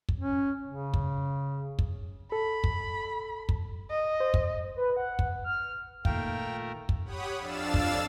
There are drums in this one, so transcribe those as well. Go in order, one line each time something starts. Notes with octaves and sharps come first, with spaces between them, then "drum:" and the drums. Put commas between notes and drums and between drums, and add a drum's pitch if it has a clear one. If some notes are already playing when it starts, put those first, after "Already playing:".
drum: kick
C#4
C#3
drum: kick
drum: kick
A4 B5
drum: kick
drum: kick
D#5
C5
drum: kick
B4
F#5
drum: kick
F6
A#2 D#3 A3 A#4 F5 G5, drum: kick
drum: kick
G4 C#5 F#5 B5 D#6
F2 D4 F5 E6 A6 E7
drum: kick